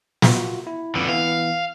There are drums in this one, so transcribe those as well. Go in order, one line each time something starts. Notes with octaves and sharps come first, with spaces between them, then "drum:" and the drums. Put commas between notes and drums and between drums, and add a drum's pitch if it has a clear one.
F4 F#4, drum: snare
E4
F2 D3 B4
E3 B3 F5